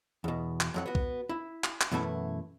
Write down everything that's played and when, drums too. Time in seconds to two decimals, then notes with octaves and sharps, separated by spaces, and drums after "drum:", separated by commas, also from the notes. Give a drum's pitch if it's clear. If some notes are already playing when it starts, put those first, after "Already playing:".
0.24 E2 B2
0.60 drum: clap
0.74 F2 F#3 F#5
0.86 B3 F#4
0.95 drum: kick
1.29 E4
1.64 drum: clap
1.81 drum: clap
1.91 F#2 B2 E3 A3 E4